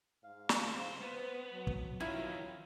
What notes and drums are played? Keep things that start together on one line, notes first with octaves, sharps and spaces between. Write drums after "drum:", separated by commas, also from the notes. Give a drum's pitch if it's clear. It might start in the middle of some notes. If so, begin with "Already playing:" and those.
G#2 F5
drum: snare
C#2 C5 F5
B3 B4 C5
F#3
drum: kick
F2 D#3 F#3 E4 F4